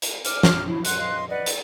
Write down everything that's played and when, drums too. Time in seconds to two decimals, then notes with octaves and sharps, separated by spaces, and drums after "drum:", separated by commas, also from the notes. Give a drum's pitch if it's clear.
0.02 drum: hi-hat
0.25 D6 F6, drum: hi-hat
0.43 drum: snare
0.67 E4
0.85 F#5 C6 F#6, drum: hi-hat
0.98 D#5 F5 C6
1.29 B4 D5 D#5 F#5
1.46 drum: hi-hat